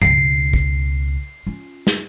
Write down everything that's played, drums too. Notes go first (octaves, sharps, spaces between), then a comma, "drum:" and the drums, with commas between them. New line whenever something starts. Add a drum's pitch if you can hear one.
C#2 B2 C7, drum: tom G2
drum: kick
C#4 F4
drum: snare